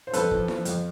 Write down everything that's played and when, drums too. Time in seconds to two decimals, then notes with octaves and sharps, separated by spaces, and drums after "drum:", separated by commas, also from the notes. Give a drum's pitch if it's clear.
0.07 C5
0.13 F2 A4 B4, drum: hi-hat
0.31 F3, drum: kick
0.48 F3, drum: snare E4
0.65 F2, drum: hi-hat